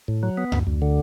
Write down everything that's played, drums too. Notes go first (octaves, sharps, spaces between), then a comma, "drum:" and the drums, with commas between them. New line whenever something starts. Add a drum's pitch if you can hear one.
A2
F#3
B3
D2, drum: tom F#2
D2
D3